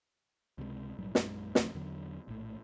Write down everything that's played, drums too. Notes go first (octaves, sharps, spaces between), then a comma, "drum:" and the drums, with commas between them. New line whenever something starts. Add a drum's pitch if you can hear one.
C#2 C3 F3 G#3
A#1 G#2 F#3 G3
A#1 F#2 E3 G#3, drum: snare
F#1 B1 F2 A3, drum: snare
E2 D3 F#3
A#1 A2